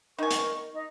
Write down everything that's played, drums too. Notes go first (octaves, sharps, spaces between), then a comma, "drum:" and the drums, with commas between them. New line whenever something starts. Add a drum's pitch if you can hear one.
D#4 A#4 G#5 C#6
drum: hi-hat
D#4